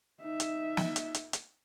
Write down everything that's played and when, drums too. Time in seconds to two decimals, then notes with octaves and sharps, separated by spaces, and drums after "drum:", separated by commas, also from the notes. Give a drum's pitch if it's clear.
0.21 D#4 E5
0.40 drum: hi-hat
0.77 drum: snare
0.96 drum: hi-hat
1.14 drum: hi-hat
1.33 drum: hi-hat